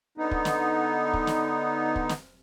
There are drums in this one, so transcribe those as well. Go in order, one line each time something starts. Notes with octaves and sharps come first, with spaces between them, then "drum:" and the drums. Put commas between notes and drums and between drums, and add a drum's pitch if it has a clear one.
D3 B3 D#4
drum: kick
drum: snare
drum: kick
drum: snare
drum: kick
drum: snare